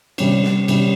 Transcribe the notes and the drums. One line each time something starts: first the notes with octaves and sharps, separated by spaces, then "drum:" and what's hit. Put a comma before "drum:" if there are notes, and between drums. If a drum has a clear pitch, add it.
C3 G3 C#4, drum: cymbal
drum: snare
C3 G3 C#4, drum: cymbal